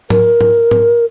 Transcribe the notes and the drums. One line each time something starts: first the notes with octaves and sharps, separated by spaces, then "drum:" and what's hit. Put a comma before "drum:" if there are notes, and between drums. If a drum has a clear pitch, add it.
A#4, drum: tom
drum: tom G#2
drum: tom G#2